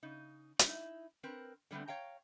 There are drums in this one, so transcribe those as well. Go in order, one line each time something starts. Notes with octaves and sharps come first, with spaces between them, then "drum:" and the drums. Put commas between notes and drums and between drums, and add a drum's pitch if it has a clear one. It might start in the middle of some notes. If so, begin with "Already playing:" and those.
C#3 D#4
D#4 E4, drum: hi-hat
C4 A#4 B4
D3 G3 A3 B3 C4
C#5 F5 G5 A#5